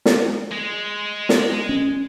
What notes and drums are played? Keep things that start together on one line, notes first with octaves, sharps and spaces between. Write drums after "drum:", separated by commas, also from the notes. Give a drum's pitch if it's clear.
drum: snare
G#3
drum: snare
C#4